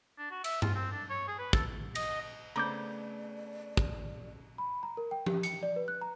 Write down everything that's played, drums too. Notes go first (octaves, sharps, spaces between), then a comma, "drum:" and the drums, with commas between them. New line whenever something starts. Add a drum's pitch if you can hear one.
D4
F#4
E5, drum: cymbal
F4, drum: tom G2
C4
D4
C#5
G#4
B4
A4, drum: kick
D#5, drum: cymbal
C#3 A3 B3 C4 D5 A#5 D6 G6
drum: kick
B5
A#5
A#4
G5
G4, drum: tom F3
C#7, drum: hi-hat
D5
B4
F#6
A#5